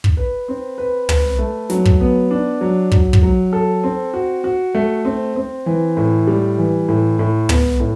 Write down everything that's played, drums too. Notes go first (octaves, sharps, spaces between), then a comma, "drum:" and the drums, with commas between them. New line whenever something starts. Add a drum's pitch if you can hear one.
drum: kick
B4
C4
B4
B4, drum: tom
A3
F#3, drum: snare
drum: kick
B3
D4
F#3
F#3, drum: kick
drum: kick
F#3
A4
C4
F#4
F#4
A3
C4
C4
E3
A2
G3
E3
A2
A2
B3, drum: tom
A2